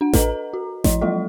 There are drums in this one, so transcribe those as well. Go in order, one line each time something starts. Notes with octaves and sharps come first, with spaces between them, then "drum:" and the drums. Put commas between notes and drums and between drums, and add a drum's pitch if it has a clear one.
D4 F#5
A4 B4 D#5 A#5, drum: snare A1
F#4
F3 E4 D#5, drum: snare A1
F#3 G#3 A#3 F4 A4 D#5